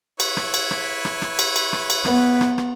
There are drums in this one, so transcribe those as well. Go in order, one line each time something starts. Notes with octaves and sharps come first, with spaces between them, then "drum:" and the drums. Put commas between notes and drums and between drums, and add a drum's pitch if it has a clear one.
E4 B4 C#5, drum: cymbal
drum: rim click
drum: cymbal
drum: rim click
drum: rim click
drum: rim click
drum: cymbal
drum: cymbal
drum: rim click
drum: cymbal
B3, drum: rim click
drum: rim click
drum: rim click